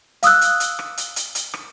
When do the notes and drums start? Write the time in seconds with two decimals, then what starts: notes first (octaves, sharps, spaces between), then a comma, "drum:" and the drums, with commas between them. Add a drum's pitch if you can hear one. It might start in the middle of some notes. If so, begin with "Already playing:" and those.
0.23 F5 D#6 E6 F#6, drum: hi-hat
0.41 drum: hi-hat
0.60 drum: hi-hat
0.79 drum: rim click
0.97 drum: hi-hat
1.16 drum: hi-hat
1.35 drum: hi-hat
1.54 drum: rim click